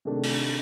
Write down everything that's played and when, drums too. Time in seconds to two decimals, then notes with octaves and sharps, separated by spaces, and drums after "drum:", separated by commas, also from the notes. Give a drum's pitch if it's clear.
0.05 C3 D#3 A3 D4
0.23 drum: open hi-hat